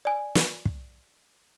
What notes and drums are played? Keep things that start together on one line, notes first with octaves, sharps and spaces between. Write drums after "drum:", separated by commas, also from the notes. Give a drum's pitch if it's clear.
D5 G#5
drum: snare
drum: kick